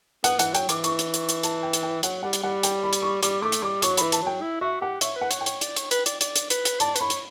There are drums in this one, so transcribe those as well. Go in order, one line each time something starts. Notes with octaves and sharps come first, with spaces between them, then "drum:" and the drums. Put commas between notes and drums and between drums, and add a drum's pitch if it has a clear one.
B3 F#5, drum: hi-hat
E3 F#5, drum: hi-hat
F#3 G5, drum: hi-hat
E3 D6, drum: hi-hat
C#6, drum: hi-hat
drum: hi-hat
drum: hi-hat
drum: hi-hat
A5, drum: hi-hat
G5
drum: hi-hat
G5
F#3 F#5, drum: hi-hat
G3 F#5
drum: hi-hat
G3 F#5
G5, drum: hi-hat
B5
drum: hi-hat
C#6
G3 D6, drum: hi-hat
A3 D6
drum: hi-hat
G3 D6
F#3 C#6, drum: hi-hat
E3 B5, drum: hi-hat
A5, drum: hi-hat
F#3 G5
E4
F#4 E5
G4 F#5
C#5 E5, drum: hi-hat
B4
F#5
C#5, drum: hi-hat
G5
C#5, drum: hi-hat
D5, drum: hi-hat
C#5, drum: hi-hat
B4, drum: hi-hat
D5, drum: hi-hat
D5, drum: hi-hat
drum: hi-hat
B4, drum: hi-hat
drum: hi-hat
D5 A5, drum: hi-hat
B4, drum: hi-hat
C#5 B5
drum: hi-hat